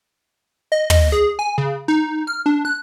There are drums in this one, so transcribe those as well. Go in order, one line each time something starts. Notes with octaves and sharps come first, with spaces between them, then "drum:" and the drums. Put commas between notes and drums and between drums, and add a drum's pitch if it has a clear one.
D#5
D#5, drum: tom
G#4
G#5
C#3
D#4
F6
D4
F#6